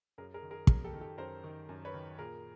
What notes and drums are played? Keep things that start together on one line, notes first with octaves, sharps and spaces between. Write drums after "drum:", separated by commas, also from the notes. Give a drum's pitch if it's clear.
F#2 G#4 A#4
G#4 A#4
D#3
G#4 A#4
F#2 G#4 A#4, drum: kick
G4 A4
D#3
G4 A4
F#2 A#4 C5
D#3
F#2
B4 C#5
D#3
A#2 G#4 A#4